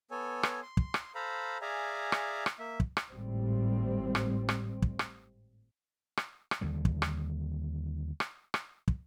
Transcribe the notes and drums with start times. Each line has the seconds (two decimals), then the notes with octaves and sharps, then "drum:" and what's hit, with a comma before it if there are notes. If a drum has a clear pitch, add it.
0.11 B3 A4 C#5 G#5
0.43 drum: rim click
0.62 C6
0.77 drum: kick
0.94 drum: rim click
1.15 A4 C5 F5 A#5 B5
1.62 G#4 D5 E5 F5 G#5 A#5
2.12 drum: rim click
2.46 drum: rim click
2.59 A#3 E5
2.80 drum: kick
2.97 drum: rim click
3.10 G#1 A2 G3 C4
4.15 drum: rim click
4.49 drum: rim click
4.82 drum: kick
4.99 drum: rim click
6.17 drum: rim click
6.51 drum: rim click
6.61 D#2 D3 G3
6.85 drum: kick
7.02 drum: rim click
8.20 drum: rim click
8.54 drum: rim click
8.88 drum: kick